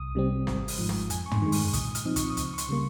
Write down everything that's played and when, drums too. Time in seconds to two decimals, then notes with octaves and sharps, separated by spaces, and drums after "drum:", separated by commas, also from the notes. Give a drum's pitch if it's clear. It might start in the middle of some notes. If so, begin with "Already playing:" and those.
Already playing: C2 D#6
0.15 C3 G3 C4
0.47 G#1, drum: snare
0.68 drum: open hi-hat
0.78 G#2 F3
0.89 drum: snare
1.10 F2 G#5, drum: hi-hat
1.26 C#6
1.31 C6, drum: tom
1.42 D#3 G#3
1.52 C#6, drum: open hi-hat
1.73 A#2 D#6, drum: kick, hi-hat
1.95 F6, drum: hi-hat
2.05 F3 C4 D#4 D#6
2.16 C#6, drum: kick, hi-hat
2.30 D#6
2.37 C#2 C#6, drum: hi-hat
2.54 C#6
2.58 C6, drum: hi-hat
2.69 C#3 G3 A#3